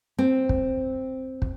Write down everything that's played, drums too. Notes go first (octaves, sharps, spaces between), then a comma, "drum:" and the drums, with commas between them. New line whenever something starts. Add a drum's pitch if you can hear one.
C4
drum: kick
drum: kick